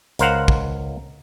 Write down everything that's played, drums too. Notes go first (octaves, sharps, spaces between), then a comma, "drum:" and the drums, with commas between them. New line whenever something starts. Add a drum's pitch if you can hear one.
C#2 A#4 C5 F5 F#5, drum: hi-hat
drum: kick